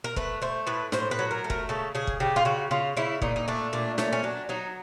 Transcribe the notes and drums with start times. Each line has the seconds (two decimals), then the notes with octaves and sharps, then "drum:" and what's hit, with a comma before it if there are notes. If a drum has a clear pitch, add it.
0.04 A#4
0.16 A3 B4, drum: kick
0.42 A3 C5
0.67 A2 B4
0.92 A2 C5, drum: snare
1.11 B4
1.19 F#3
1.31 A#4
1.44 A3
1.50 A#4, drum: kick
1.69 C#3 A4
1.95 C#3 G#4
2.07 drum: kick
2.20 C#3 G4
2.36 F4
2.45 C#3 F#4
2.71 C#3 F4
2.97 C#3 E4
3.22 A#2 D#4, drum: kick
3.36 D#4
3.48 A3 D4
3.73 A#2 D4
3.98 A3 C#4, drum: snare
4.13 C#4
4.23 F#3 D4
4.49 F#3 D#4